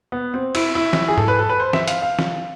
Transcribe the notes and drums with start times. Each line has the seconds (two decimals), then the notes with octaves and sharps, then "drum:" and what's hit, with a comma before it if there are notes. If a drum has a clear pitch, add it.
0.12 B3
0.34 C4
0.55 E4, drum: cymbal
0.75 E4
0.93 drum: snare
1.08 G#4
1.18 A4, drum: tom G#2
1.28 B4
1.39 A4
1.50 B4
1.60 C5
1.73 E5, drum: snare
1.88 F5, drum: hi-hat
2.02 F5
2.19 drum: snare